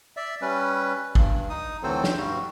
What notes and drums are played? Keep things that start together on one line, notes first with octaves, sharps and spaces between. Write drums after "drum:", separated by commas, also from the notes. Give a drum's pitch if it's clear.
D5 E5
G3 C#4 B4
G2, drum: kick G#1
D#4 D#6
D2 E3 F#3 C4 A4 C5
drum: snare
G2 G3 F#4